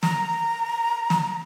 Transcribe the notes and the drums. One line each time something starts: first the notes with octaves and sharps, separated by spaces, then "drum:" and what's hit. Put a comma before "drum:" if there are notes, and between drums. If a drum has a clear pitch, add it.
A#5, drum: snare
drum: snare